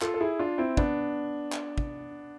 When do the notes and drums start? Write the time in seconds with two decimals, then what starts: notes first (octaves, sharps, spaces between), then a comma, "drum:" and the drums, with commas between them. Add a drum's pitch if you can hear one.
0.02 F4 A4, drum: clap
0.14 A4
0.20 E4 G#4
0.39 D4 F4
0.58 C4 E4
0.77 B3 D4, drum: kick
1.52 drum: clap
1.78 drum: kick